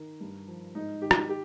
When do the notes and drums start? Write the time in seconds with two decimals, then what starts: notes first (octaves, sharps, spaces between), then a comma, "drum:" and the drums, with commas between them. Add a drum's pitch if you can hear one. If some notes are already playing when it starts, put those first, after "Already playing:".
Already playing: D#3 A#4
0.21 G2
0.48 F3
0.74 G#2 D#4
1.02 D#3 G4
1.11 drum: rim click
1.29 G4